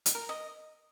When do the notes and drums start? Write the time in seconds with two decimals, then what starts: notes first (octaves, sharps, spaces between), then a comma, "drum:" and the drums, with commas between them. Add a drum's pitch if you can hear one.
0.06 drum: hi-hat
0.15 A#4
0.29 D#5